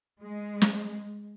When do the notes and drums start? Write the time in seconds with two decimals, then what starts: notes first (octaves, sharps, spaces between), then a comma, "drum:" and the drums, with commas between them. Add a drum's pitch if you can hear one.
0.21 G#3
0.62 drum: snare